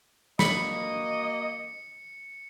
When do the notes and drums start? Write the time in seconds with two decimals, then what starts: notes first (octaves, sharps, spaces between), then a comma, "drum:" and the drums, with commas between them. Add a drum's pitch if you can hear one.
0.39 A#3 F#4 D#5 B5 C#7, drum: snare